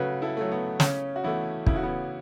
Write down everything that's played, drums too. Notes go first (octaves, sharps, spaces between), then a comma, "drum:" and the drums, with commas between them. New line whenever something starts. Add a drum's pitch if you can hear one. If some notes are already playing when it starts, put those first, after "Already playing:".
Already playing: C#3 F#3 A3 F#4 A4 B4 C#5
E4 A4
F#3 A3
B3
C#3 C#4, drum: snare
F#4
E3 A3 B3 E4
C#3 E4, drum: kick
F#4
B3 E4